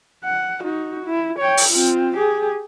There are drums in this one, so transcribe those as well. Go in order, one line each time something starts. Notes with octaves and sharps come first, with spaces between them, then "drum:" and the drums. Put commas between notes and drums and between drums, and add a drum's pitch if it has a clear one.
F#5
D#4 F#4
E4
C#5 G5
drum: open hi-hat
C4 F4
G4 G#4